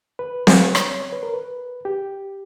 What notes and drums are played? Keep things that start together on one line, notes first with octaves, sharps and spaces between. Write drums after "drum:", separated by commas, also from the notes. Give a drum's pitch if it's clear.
B4
B4, drum: snare C4
C#5, drum: rim click
C#5
B4
A#4
B4
G4